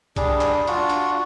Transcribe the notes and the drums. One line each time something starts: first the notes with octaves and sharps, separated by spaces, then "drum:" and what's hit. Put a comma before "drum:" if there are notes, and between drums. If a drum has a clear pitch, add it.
G3 D4 G#4, drum: kick, hi-hat
drum: clap
D4 F4 F#4 F#5, drum: hi-hat
drum: hi-hat